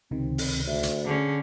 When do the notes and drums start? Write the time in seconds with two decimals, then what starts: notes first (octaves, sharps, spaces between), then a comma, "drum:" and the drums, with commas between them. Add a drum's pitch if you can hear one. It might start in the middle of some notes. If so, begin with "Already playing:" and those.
0.11 C#2 C3 D#3 C4
0.38 drum: open hi-hat
0.67 D2 E5
0.83 drum: hi-hat
1.06 D3 C#4 G#4